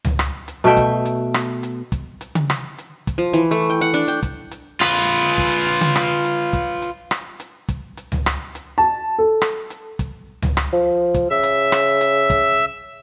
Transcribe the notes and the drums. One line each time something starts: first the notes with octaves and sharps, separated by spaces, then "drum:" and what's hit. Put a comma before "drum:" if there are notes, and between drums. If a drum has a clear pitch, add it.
drum: tom C#2
drum: rim click
drum: hi-hat
B2 A3 E5 G5
drum: kick, hi-hat
drum: hi-hat
drum: rim click
drum: hi-hat
drum: kick, hi-hat
drum: hi-hat
drum: tom C#3
drum: rim click
drum: hi-hat
drum: kick, hi-hat
F3
E3, drum: hi-hat
A3
G5
F#5
D4, drum: hi-hat
G5
drum: kick, hi-hat
drum: hi-hat
F4 B4, drum: rim click
drum: kick, hi-hat
drum: hi-hat
drum: tom C#3
drum: rim click
drum: hi-hat
drum: kick, hi-hat
drum: hi-hat
drum: rim click
drum: hi-hat
drum: kick, hi-hat
drum: hi-hat
drum: tom C#2
drum: rim click
drum: hi-hat
A5
A4
drum: rim click
drum: hi-hat
drum: kick, hi-hat
drum: tom C#2
drum: rim click
F3
drum: kick, hi-hat
C#3 E5 E6
drum: hi-hat
drum: rim click
drum: hi-hat
drum: kick, hi-hat